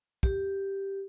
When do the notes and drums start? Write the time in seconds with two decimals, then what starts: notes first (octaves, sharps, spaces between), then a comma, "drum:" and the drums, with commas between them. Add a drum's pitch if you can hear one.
0.23 G4, drum: kick